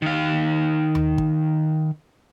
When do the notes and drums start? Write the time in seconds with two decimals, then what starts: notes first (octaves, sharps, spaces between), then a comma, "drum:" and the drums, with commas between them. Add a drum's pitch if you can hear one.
0.02 D#3 F5
0.95 drum: tom D#2
1.18 drum: kick